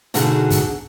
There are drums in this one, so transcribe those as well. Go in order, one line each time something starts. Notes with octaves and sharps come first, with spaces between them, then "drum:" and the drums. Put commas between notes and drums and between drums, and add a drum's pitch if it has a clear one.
B2 D3 D#4 F#4 G#4, drum: hi-hat
drum: kick, hi-hat